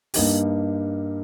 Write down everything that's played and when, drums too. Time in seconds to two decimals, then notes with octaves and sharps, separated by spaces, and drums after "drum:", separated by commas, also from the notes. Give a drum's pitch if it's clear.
0.14 G2 G3 A#3 D#4 G4, drum: open hi-hat